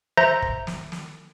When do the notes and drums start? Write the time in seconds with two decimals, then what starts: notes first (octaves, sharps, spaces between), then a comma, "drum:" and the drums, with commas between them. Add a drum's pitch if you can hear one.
0.17 C5 E5 A#5 G6 A#6
0.42 drum: kick
0.67 drum: snare
0.92 drum: snare